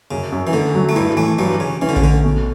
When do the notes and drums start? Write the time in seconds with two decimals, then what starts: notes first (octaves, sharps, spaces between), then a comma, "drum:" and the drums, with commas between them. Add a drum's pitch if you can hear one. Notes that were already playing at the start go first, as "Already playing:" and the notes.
0.11 F#2 C#3
0.32 F#2
0.47 E3
0.53 D3 A3
0.75 F#3
0.89 A3
0.95 G2 G3 E4
1.17 A2 E3 A3
1.38 G2 F#3 G3
1.60 C#3 C#5
1.82 E3 C#4
1.89 D3
1.96 C#3, drum: kick A#1
2.02 D3 A3
2.24 B2